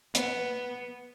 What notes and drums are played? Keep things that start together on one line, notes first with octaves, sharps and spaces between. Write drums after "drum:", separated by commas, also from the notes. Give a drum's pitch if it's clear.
B3, drum: hi-hat